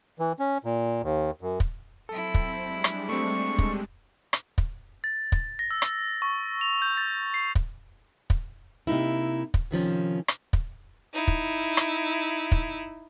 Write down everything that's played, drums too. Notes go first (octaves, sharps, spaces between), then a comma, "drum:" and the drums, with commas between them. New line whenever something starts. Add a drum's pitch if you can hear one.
E3
C#4
A#2
D#2
F#2
drum: kick
F#3 C4 E4 A4
drum: kick
G3 G#3 D4
drum: rim click
A3 C4 C#6
drum: kick
drum: rim click
drum: kick
A6
drum: kick
A#6
E6
drum: rim click
C#6
F7
G6
A6
C7
drum: kick
drum: kick
C3 A#3 D#4 E4
drum: kick
C3 D#3 F3 C#4
drum: rim click
drum: kick
D#4 E4
drum: kick
drum: rim click
drum: kick